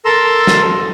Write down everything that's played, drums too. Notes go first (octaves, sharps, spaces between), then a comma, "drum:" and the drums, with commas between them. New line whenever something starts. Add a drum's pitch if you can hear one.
A4 A#4 A#5 C6 E6
drum: snare